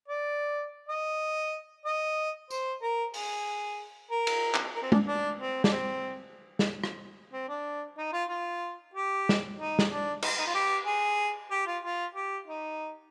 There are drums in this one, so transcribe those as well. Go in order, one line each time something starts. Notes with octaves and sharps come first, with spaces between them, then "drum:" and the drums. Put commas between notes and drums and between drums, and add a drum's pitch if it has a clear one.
D5
D#5
D#5
C5, drum: tambourine
A#4
G#4, drum: open hi-hat
A#4
drum: cymbal
drum: clap
A#4
C4
D4, drum: tom G#3
D4
C4
D4, drum: snare
C4
drum: snare
drum: rim click
C4
D4
D#4
F4
F4
G4
drum: snare
D#4
drum: snare
D4
D#4, drum: cymbal
D#4
F4
G4
G#4
G4
F4
F4
G4
D#4